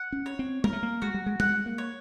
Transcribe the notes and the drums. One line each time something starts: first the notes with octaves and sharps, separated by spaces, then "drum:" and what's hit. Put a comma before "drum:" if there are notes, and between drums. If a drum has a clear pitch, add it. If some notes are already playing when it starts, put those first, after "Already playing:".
Already playing: F#5
C#4
C#5
C4
A#3 A#4, drum: tom
A3
A#3
G#3 F#4
G3
G#3
G#3 F#5, drum: tom
A#3
C#5